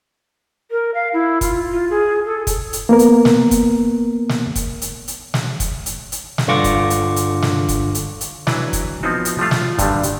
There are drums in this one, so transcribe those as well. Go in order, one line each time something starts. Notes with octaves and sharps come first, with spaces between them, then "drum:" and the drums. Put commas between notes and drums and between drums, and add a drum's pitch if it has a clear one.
A#4
F5
E4
F4, drum: kick, hi-hat
F4
G#4
A4
drum: kick, hi-hat
drum: hi-hat
A#3 B3 A#4
drum: hi-hat
drum: snare
drum: kick, hi-hat
drum: snare
drum: kick, hi-hat
drum: hi-hat
drum: hi-hat
drum: snare
drum: kick, hi-hat
drum: hi-hat
drum: hi-hat
drum: snare
G2 D3 F4 C#6 D6 A#6
drum: kick, hi-hat
drum: hi-hat
drum: hi-hat
drum: snare
drum: kick, hi-hat
drum: hi-hat
drum: hi-hat
E3 F#3 D4 B4, drum: snare
drum: kick, hi-hat
F3 B3 C4 D#4 F#4
drum: hi-hat
F3 G3 A3 F4
drum: snare
G2 A#2 D3 D#3 G3, drum: kick, hi-hat
drum: hi-hat